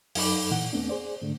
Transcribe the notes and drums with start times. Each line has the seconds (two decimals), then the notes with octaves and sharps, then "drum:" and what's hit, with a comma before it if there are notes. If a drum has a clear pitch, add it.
0.15 F#2 F#3 D#4 A4 B5 D6, drum: open hi-hat
0.51 A#2 E3 F#5
0.73 E2 A3 B3 C4 D4
0.89 G#4 C5 D5
1.22 G#2 D3 A3 D4